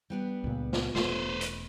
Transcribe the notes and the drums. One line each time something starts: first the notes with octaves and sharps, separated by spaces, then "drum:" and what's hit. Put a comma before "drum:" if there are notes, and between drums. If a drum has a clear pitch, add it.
G3 B3 D4
C#2 A#2
drum: snare
E1 A3 B4 C5, drum: snare
drum: hi-hat